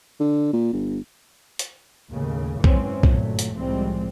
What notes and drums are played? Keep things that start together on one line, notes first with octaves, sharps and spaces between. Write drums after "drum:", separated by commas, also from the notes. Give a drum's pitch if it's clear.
D3
A#2
G1
drum: hi-hat
D#2 A2 C#3
F#1 G#2 E3 C4 C#4, drum: kick B1
G1 A#2 F#3 A3, drum: kick B1
drum: hi-hat
C2 A2 F3 G3 G#3 C4